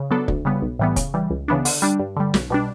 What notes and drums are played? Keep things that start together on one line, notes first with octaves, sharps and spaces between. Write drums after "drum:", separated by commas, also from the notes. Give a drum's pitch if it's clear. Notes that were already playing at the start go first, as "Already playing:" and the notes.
Already playing: C#3
F#3 B3 D4 A4
D2, drum: kick
C#3 G3 B3
B1
A2 E3 G3 B3
C#3, drum: kick, hi-hat
E3 G3
C#2
C#3 E3 B3 D4
D3, drum: open hi-hat
G3 D4
G2
D3 G3
B1, drum: snare
B2 G3 D4